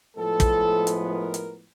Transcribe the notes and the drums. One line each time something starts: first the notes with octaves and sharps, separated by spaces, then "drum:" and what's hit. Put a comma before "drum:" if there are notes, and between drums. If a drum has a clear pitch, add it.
A2 F3 G#3 B3 A4
drum: kick, hi-hat
drum: hi-hat
A#4
drum: hi-hat